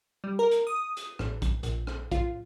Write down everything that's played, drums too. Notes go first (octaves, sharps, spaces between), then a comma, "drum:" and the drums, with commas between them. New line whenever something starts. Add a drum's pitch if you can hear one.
G3
A#4
drum: hi-hat
D#6
drum: hi-hat
A1, drum: rim click
drum: kick A#1, hi-hat
A#1, drum: hi-hat
drum: rim click
F4, drum: kick A#1, hi-hat